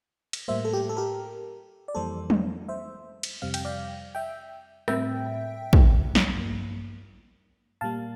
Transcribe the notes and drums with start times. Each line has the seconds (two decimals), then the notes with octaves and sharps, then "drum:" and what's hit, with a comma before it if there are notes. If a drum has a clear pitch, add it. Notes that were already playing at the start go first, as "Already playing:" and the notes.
0.33 drum: cymbal
0.48 A2 G3 A#3 C5 E5
0.65 A4
0.73 G4
0.89 A4
0.97 G4 A#4
1.88 D5
1.95 F2 E3 G3 A#3 A4 C5
2.30 drum: tom
2.68 C5 E5
3.23 drum: cymbal
3.42 F2 C3 G3 C4 F5
3.54 G5, drum: cymbal
3.65 D5 F5
4.15 E5 G5
4.88 A2 G3 C4 E5 G5, drum: rim click
5.73 drum: kick
6.15 drum: snare
6.35 G2 F3 A#3
7.81 A#2 G3 A#3 F5 A5